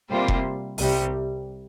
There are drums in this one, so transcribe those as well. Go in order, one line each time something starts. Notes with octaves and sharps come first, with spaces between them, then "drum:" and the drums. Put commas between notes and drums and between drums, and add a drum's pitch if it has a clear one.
C3 G3 A#3 F4 C5
drum: kick F1
C2 C3 G3, drum: open hi-hat